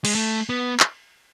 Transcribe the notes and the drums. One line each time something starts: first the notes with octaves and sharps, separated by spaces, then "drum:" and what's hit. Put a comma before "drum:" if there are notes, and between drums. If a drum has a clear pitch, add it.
G#3, drum: cymbal
A3
B3
drum: clap